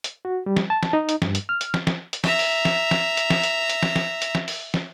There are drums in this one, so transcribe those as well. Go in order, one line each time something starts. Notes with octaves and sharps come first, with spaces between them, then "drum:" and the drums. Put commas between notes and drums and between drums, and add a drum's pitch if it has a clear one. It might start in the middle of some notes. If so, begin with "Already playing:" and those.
drum: hi-hat
F#4
G3
drum: snare
A5
drum: snare
D#4
drum: hi-hat
G2, drum: snare
drum: hi-hat
F6
drum: hi-hat
drum: snare
drum: snare
drum: hi-hat
E5 A#5, drum: snare
drum: open hi-hat
drum: snare
drum: snare
drum: hi-hat
drum: snare
drum: hi-hat
drum: hi-hat
drum: snare
drum: snare
drum: hi-hat
drum: snare
drum: open hi-hat
drum: snare